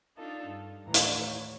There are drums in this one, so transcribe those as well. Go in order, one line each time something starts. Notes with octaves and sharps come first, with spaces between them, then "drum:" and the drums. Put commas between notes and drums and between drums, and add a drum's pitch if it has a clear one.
D4 D#4 F4 A4
G2
D#2 A2 E3 A#5
drum: hi-hat
C#5